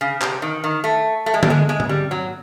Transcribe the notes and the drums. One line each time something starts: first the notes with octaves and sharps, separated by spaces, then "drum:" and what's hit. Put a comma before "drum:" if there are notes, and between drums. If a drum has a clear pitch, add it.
C#3
C3, drum: clap
D#3
D#3
A3
A3
G#3
G3, drum: tom D3
G#3
G#3
drum: tom D3
G3
F#3